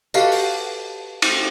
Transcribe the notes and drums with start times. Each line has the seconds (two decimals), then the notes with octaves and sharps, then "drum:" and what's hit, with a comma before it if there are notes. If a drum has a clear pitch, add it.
0.14 F#4 G4 A4 B4 D#5 F5, drum: tambourine
0.32 drum: open hi-hat
1.22 drum: cymbal